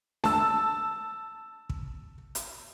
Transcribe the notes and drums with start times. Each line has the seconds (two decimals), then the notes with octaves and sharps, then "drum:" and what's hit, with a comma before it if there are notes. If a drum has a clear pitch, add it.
0.24 A5 E6, drum: snare D4
1.70 drum: kick
2.35 drum: hi-hat